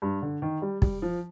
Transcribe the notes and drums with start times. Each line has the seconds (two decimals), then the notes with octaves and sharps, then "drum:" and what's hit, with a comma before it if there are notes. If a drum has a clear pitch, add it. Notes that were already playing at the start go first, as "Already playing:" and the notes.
0.02 G2
0.22 D3
0.42 D#3
0.62 G3
0.82 G3, drum: kick
1.02 F3